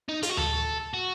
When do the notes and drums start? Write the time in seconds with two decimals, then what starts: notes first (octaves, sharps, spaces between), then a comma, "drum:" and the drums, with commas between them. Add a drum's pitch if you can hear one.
0.09 D#4
0.23 F4, drum: hi-hat
0.30 F#4
0.37 A4, drum: tom D2
0.94 F#4